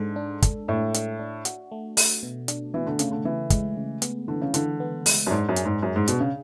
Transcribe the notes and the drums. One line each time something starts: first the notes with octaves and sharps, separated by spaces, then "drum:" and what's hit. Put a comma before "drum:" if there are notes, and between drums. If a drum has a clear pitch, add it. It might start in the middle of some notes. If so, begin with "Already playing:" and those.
Already playing: G#2 G#3 D4 A4
D4
A4, drum: kick, hi-hat
A2 D4
D4, drum: hi-hat
D4
F#4, drum: hi-hat
A3
A3, drum: open hi-hat
B2
D4, drum: hi-hat
B2 E3
D3
C#3 A3, drum: hi-hat
D3
C#3 E3
G#3, drum: kick, hi-hat
C#3
B3, drum: hi-hat
D3 E3
C#3
D3 E3, drum: hi-hat
B3
G#3, drum: open hi-hat
F#2
G#2 D4
F#2
G#4, drum: hi-hat
G#2
F#2 G#3
G#2
B2 D4, drum: hi-hat
C#3